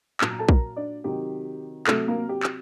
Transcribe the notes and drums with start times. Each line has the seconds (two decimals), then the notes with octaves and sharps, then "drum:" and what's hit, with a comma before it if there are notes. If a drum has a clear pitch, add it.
0.21 A#2 F#3 A5, drum: clap
0.30 A#5
0.39 A4 A5
0.49 A#4 A#5, drum: kick
0.76 D4 D5
1.04 C3 D#3 F#3 G4
1.87 C3 F#3 A3 A4, drum: clap
2.08 A#3 A#4
2.29 G4
2.43 drum: clap